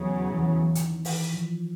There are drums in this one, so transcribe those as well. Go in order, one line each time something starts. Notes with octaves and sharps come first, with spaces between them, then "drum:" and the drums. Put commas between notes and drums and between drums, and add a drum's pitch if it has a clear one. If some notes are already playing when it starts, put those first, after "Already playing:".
Already playing: E2 C#3 F#3
E3
D#3, drum: hi-hat
E3, drum: open hi-hat
F3